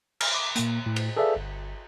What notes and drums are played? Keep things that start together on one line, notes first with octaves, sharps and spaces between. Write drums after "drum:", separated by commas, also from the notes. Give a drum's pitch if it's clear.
F6, drum: cymbal
D6
A#2 A#3, drum: hi-hat
A2
drum: cymbal
G#4 A4 B4 D5 E5 F5
G1